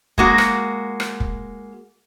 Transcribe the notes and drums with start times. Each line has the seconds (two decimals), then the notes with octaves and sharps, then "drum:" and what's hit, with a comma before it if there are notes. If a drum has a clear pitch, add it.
0.18 G#3 A#3 F#4, drum: kick
0.38 drum: rim click
1.00 drum: rim click
1.20 drum: kick